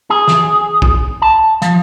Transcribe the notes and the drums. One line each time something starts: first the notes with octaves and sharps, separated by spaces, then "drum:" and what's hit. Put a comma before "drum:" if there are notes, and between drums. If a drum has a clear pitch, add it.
G#4
drum: snare
drum: kick
A5
F3, drum: hi-hat